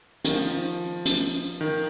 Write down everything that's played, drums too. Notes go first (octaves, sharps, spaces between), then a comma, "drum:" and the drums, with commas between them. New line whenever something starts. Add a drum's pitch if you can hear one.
D#3, drum: hi-hat
F3
drum: hi-hat
D#3